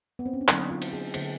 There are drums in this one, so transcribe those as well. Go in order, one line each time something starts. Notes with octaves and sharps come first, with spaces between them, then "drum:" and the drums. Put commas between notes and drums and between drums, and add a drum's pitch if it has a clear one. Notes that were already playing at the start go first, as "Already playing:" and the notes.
B3
C4
C#4
D4
D3 F#3 A#3 D#4, drum: clap
F4
drum: cymbal
G#4
D3 F#3 A#3 G#4, drum: cymbal